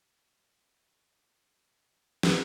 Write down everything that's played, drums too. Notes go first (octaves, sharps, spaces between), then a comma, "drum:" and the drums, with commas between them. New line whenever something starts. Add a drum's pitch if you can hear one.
D#5 F5 F#5 E6
drum: snare